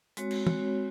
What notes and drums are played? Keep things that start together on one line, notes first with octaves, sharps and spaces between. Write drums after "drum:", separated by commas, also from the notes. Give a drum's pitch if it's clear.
G#3 C4 F#4 C#5, drum: hi-hat
drum: cymbal
G#3 C4 F#4 C#5, drum: tom